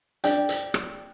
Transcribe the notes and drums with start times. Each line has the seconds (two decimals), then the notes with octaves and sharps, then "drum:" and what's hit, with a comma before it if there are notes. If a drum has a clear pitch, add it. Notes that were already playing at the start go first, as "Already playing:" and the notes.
0.24 D4 G5, drum: hi-hat
0.49 drum: hi-hat
0.74 drum: rim click